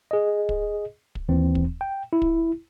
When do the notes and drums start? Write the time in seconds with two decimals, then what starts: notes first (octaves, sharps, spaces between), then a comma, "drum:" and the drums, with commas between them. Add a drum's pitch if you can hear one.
0.11 G#4 D#5
0.49 drum: kick
1.15 drum: kick
1.29 D#2 E3 C4
1.55 drum: kick
1.81 G5
2.13 E4
2.22 drum: kick